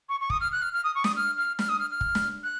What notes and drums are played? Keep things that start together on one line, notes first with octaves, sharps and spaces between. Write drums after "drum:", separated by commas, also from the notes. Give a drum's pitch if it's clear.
C#6
C#6
D#6, drum: kick
F6
F#6
F6
F6
D#6
C#6
D#6, drum: snare
F6
F6
F6, drum: snare
D#6
F6
F6
drum: kick
drum: snare
F#6